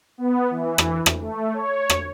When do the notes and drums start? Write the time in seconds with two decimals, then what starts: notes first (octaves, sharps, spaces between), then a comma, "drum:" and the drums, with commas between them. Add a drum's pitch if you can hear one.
0.18 B3
0.50 E3
0.78 drum: rim click
1.06 drum: rim click
1.22 A3
1.54 C#5
1.90 drum: rim click